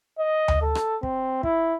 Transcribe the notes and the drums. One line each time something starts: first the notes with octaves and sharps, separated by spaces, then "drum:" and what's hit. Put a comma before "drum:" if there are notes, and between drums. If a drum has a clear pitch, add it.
D#5
drum: tom D2
A4
drum: rim click
C4, drum: kick
E4, drum: kick